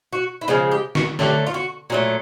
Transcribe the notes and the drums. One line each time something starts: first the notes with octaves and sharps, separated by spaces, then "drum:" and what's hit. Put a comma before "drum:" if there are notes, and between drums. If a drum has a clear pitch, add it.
F#4
E4
C#3 F3 G#3 F4
G4
F#4, drum: snare
D3 F#3 A3 G4, drum: snare
F4
F#4
A#2 F#3 A3 F#4